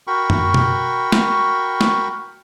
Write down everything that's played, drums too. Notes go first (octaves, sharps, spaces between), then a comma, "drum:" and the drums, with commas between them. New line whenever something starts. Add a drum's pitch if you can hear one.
F#4 A#4 G5 B5 C#6
drum: tom F#2
drum: tom B2
drum: snare
drum: snare